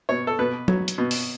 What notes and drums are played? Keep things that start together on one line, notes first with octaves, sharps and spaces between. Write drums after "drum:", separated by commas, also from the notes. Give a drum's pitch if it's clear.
B2 C#5
A4
B2 B4
F#3, drum: tom
drum: hi-hat
B2
drum: open hi-hat